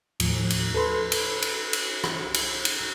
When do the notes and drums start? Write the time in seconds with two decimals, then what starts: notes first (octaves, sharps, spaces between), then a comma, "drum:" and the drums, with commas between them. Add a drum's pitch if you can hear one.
0.20 D#2 A2 F3, drum: cymbal
0.50 drum: cymbal
0.75 A4 B4 B5 C6
1.12 drum: cymbal
1.42 drum: cymbal
1.73 drum: cymbal
2.04 drum: rim click
2.34 drum: cymbal
2.65 drum: cymbal